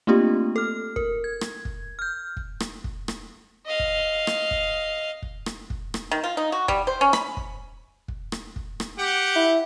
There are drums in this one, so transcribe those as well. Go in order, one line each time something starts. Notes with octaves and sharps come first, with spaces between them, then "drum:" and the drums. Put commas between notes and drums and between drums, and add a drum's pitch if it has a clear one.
A3 A#3 C4 D4 F4 G4
A4 F6
A#4, drum: kick
G#6
drum: rim click
drum: kick
F6 G6
drum: kick
drum: rim click
drum: kick
drum: rim click
D#5 F5
drum: kick
drum: rim click
drum: kick
drum: kick
drum: rim click
drum: kick
drum: rim click
D#3
F4
D#4
F#4
G3, drum: kick
C5
C#4
B5, drum: rim click
drum: kick
drum: kick
drum: rim click
drum: kick
drum: rim click
G4 F#5
E4